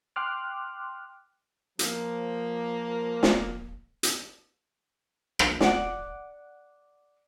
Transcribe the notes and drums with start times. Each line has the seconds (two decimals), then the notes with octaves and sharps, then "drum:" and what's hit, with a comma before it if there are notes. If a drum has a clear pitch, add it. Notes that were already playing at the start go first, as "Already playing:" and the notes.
0.16 G5 C6 D6 F6 F#6
1.79 F3 A#3, drum: hi-hat
3.23 drum: snare
4.03 drum: hi-hat
5.39 drum: rim click
5.60 D5 F#5, drum: snare